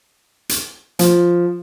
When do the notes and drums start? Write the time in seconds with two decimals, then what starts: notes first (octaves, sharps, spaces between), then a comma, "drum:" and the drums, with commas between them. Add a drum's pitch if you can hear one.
0.49 drum: hi-hat
0.99 F3, drum: hi-hat